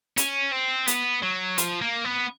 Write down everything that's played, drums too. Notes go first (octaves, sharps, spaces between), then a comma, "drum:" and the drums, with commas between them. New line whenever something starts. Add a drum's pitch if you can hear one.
C#4, drum: hi-hat
C4
B3, drum: hi-hat
F#3
F3, drum: hi-hat
A#3
B3